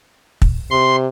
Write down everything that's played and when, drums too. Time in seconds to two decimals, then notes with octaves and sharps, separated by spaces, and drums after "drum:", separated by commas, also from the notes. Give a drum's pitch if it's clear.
0.42 drum: kick
0.71 C3 C6